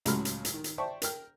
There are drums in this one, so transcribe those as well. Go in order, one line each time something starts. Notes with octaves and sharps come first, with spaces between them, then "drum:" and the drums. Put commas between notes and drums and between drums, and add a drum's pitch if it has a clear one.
C#2 A2 F#3 G#3 B5 F6, drum: hi-hat
drum: hi-hat
drum: hi-hat
D#3
drum: hi-hat
C5 D5 E5 G5 A5 C#6
A#4 G5 F6, drum: hi-hat